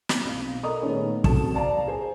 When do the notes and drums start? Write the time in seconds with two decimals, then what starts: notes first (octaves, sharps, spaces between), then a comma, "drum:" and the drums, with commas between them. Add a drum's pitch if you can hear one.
0.09 drum: snare
0.24 B1 C4 F5
0.63 A4 A#4 D#5 A#5 D#6
0.82 A#2 D#3 A3 B3 C#4 G#4
1.24 C4 F#4 A4 A5 E7, drum: kick
1.54 D5 F5 A5 A#5
1.87 G#4 C5 G#5